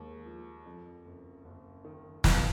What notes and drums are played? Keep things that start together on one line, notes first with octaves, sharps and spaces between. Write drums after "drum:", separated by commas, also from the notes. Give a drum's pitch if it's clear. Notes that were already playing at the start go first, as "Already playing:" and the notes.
Already playing: D#2 G#3
F3
F2
F#1
F#1
D#3
B2 F3, drum: snare